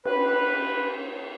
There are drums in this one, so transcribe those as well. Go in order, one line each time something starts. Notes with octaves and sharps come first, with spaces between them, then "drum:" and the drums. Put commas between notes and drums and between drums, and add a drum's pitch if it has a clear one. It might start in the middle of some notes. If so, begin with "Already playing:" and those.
B4, drum: cymbal